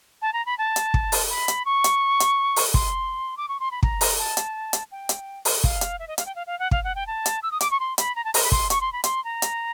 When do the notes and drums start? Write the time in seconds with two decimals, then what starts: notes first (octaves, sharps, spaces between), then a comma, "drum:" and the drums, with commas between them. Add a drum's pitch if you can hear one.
0.22 A5
0.33 A#5
0.46 B5
0.58 A5
0.76 drum: hi-hat
0.94 drum: kick
1.12 drum: open hi-hat
1.30 B5
1.48 drum: hi-hat
1.66 C#6
1.84 drum: hi-hat
2.20 drum: hi-hat
2.56 drum: open hi-hat
2.74 C6, drum: kick
3.37 D6
3.49 C#6
3.60 C6
3.71 B5
3.83 A#5, drum: kick
4.01 drum: open hi-hat
4.19 A5
4.37 drum: hi-hat
4.73 drum: hi-hat
4.92 G5
5.09 drum: hi-hat
5.45 drum: open hi-hat
5.64 F5, drum: kick
5.81 drum: hi-hat
5.99 E5
6.08 D#5
6.18 F5, drum: hi-hat
6.26 G5
6.36 F5
6.47 F5
6.59 F#5
6.71 F5, drum: kick
6.84 F#5
6.95 G5
7.07 A5
7.26 drum: hi-hat
7.43 E6
7.51 D#6
7.61 D6, drum: hi-hat
7.71 C#6
7.80 C6
7.98 B5, drum: hi-hat
8.16 A#5
8.25 A5
8.34 A#5, drum: open hi-hat
8.43 B5
8.52 C6, drum: kick
8.70 C#6, drum: hi-hat
8.81 C6
8.93 B5
9.04 C6, drum: hi-hat
9.24 A#5
9.42 drum: hi-hat